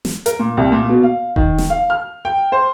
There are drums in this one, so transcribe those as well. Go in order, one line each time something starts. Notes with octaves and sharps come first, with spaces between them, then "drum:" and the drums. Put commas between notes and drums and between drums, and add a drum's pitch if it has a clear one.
drum: snare
A#4, drum: hi-hat
A#2
C2
A#2
B2
F5
D#3, drum: kick E1
drum: snare
F5
F6
G5
C5